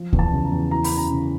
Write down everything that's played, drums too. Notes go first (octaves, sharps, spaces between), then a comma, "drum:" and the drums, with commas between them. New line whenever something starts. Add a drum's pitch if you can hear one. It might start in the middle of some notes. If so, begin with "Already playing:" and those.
Already playing: F3
E2, drum: kick C#2
A5
C#3
A#5
E2
E3 A#5
B5, drum: open hi-hat
F#2
A#5
C#3